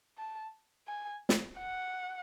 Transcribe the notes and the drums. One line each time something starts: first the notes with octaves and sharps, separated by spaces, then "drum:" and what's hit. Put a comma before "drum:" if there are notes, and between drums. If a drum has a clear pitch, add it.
A5
G#5
drum: snare
F#5